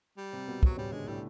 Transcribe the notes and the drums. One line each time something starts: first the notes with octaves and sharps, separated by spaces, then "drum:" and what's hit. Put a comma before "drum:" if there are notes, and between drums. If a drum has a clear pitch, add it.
G3
C3 C4
B2 B3
C3 F#3 C4, drum: kick
C#3 G3 C#4
D3 G#3 D4
A2 G3 A3